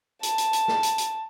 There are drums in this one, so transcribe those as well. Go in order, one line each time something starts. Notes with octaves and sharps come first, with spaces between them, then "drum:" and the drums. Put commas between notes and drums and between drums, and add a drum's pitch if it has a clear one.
A5, drum: hi-hat
drum: hi-hat
drum: hi-hat
drum: snare
drum: hi-hat
drum: hi-hat